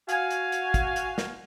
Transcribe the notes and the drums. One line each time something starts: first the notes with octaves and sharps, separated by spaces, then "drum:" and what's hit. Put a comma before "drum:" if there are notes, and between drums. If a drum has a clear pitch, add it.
F#4 F5 G#5, drum: hi-hat
drum: hi-hat
drum: hi-hat
drum: kick, hi-hat
drum: hi-hat
drum: snare